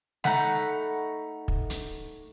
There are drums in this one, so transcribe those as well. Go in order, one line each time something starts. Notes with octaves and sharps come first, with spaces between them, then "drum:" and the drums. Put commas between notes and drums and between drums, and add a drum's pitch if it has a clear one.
A3 D#4 F#5 B5, drum: snare
drum: kick
drum: hi-hat